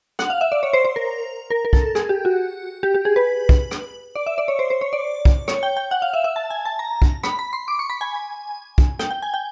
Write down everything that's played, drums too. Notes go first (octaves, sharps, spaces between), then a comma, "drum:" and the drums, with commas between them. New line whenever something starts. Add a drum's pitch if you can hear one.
F#5, drum: rim click
F5
E5
D5
C#5
C5
C5
A#4
A#4
A#4
A4, drum: kick
G#4, drum: rim click
G4
F#4
G4
G4
G#4
B4
drum: kick
drum: rim click
D5
E5
D5
C#5
C5
C5
C#5
D5
drum: kick
C#5, drum: rim click
G5
G5
F#5
F5
E5
E5
A5
G#5
A5
A#5
drum: kick
B5, drum: rim click
B5
C6
D6
C#6
B5
G#5
drum: kick
G5, drum: rim click
G5
G#5
G5